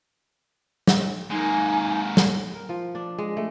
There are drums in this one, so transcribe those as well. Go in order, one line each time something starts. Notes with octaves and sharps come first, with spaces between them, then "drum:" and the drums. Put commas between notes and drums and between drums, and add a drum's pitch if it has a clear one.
drum: snare
G#3 A#3 D#4 G#5
drum: snare
A#4
F3
D4
G#3
A3